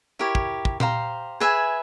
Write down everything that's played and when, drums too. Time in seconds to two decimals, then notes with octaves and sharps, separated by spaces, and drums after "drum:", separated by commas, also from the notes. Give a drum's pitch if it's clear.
0.19 E4 G4 A#4 C#5
0.35 drum: kick
0.65 drum: kick
0.80 G4 C5 F5 A#5, drum: tom A#2
1.40 G#4 B4 E5 G#5